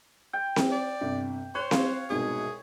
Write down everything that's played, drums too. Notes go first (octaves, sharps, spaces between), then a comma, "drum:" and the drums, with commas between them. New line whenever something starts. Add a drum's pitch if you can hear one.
G5
drum: snare C4
D5
G1 C3
C5 C#5 F#6
F5, drum: snare C4
C2 G#2 B2 G#4